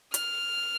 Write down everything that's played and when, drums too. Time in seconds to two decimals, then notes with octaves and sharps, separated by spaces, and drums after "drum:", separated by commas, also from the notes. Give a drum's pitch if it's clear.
0.14 F6, drum: hi-hat